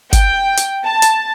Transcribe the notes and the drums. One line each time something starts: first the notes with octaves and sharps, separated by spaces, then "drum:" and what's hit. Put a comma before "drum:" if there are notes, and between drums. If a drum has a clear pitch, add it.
G5, drum: kick G1, hi-hat
drum: hi-hat
A5
drum: hi-hat